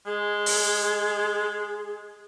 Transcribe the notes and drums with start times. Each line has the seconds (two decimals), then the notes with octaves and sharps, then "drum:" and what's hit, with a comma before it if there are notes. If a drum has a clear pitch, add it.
0.06 G#3 G#4
0.46 drum: open hi-hat